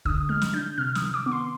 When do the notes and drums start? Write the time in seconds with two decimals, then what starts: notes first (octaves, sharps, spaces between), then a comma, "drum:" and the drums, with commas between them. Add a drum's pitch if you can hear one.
0.05 D3 D#6, drum: kick
0.29 G#3 F6
0.42 drum: snare
0.53 D4 G6
0.78 C3 F6
0.95 D#6, drum: snare
1.02 D#3
1.14 D6
1.26 B3
1.31 C6